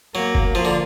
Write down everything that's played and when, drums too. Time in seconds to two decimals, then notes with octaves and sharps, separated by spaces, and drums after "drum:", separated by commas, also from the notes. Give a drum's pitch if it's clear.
0.15 F#3 A#3
0.35 drum: kick F#1
0.55 F3 A#3
0.65 D3